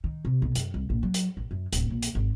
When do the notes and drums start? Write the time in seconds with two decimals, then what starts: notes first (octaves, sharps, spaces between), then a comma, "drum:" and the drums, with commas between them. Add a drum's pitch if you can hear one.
0.04 D#3
0.25 C3
0.42 B1
0.55 F#2, drum: hi-hat
0.74 C2
0.90 A#1
1.03 F#3
1.14 drum: hi-hat
1.37 A1
1.51 F#2
1.73 D1, drum: hi-hat
1.90 A#1
2.03 drum: hi-hat
2.15 G#1